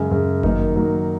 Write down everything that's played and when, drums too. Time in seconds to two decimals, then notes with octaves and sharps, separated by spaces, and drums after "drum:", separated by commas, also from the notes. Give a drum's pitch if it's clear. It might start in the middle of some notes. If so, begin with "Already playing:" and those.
Already playing: F#2 C#3 G#3
0.11 F#2 C#3 G#3
0.43 D#3 F#3 A#3 D#4, drum: kick G1
0.76 D#3 F#3 A#3 D#4